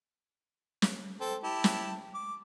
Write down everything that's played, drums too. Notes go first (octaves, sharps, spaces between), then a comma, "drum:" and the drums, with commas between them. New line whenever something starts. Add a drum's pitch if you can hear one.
drum: snare
C4 A4
E4 G4 A5
drum: snare
D6